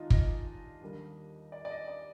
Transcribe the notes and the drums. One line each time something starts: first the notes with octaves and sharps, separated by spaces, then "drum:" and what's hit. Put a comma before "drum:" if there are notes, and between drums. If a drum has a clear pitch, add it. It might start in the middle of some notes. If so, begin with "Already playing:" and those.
Already playing: D#2 D#3 G#3 D4 D#4 F4 D#5
D#5, drum: kick
D#2 D3 G3 A#3
D5
D5
D#5
D5